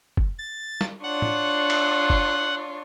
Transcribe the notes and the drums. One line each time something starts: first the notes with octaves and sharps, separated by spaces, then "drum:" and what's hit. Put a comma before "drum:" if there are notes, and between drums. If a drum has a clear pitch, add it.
drum: kick
A6
drum: snare
D4 F4 C#5 F#5
drum: tom
drum: cymbal
drum: kick